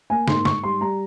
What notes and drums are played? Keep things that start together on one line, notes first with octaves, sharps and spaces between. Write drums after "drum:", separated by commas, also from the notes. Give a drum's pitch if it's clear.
A#3 G#5
G#2 C6, drum: snare
G#2 C#6, drum: snare
G3 C6
G3 A#5